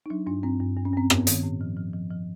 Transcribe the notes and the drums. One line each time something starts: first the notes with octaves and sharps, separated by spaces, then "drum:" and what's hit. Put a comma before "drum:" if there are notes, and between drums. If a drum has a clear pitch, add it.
D#4
F#3 D4
G2 D4
G2 C4
G2
G2
C#4
G2 C4
G2 B3, drum: rim click
D#3, drum: hi-hat
A2
F3
F3
F3
F3